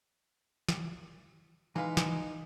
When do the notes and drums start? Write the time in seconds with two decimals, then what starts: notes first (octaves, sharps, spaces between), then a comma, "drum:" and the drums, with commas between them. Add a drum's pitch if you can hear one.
0.69 drum: snare
1.76 E3 G#3 D#4 B4 F5
1.97 drum: snare